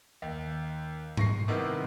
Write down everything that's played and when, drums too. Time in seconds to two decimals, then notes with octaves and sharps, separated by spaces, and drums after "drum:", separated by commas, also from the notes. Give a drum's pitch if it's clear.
0.22 D#2
1.17 C#6 A#6 C7, drum: tom G#2
1.48 C3 D#3 G3 B3 E4